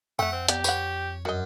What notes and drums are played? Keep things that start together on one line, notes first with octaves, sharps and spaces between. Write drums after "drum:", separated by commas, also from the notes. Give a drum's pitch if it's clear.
F2 A3 E5 F#5 G5
C4
B3 G4 D5, drum: hi-hat
B4 C#5 F#5, drum: tambourine
F#2 F#4 D#5